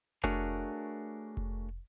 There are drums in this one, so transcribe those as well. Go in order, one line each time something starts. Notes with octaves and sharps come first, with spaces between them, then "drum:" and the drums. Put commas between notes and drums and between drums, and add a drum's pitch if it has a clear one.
A3 D4 F#4 G#4 A#4 C#5, drum: kick F1
drum: kick F1